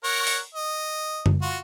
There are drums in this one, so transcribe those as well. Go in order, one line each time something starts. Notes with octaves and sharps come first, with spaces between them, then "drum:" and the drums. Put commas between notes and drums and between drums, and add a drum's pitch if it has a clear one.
A#4 C#5 F#5
drum: open hi-hat
D#5
drum: tom
F4 F#4